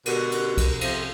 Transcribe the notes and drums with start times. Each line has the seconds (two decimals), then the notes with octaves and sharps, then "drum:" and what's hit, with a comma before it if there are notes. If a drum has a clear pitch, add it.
0.06 B2 D3 F#4 G4 A#4, drum: cymbal
0.32 drum: cymbal
0.58 drum: kick C2, cymbal
0.81 C3 F3 A4, drum: cymbal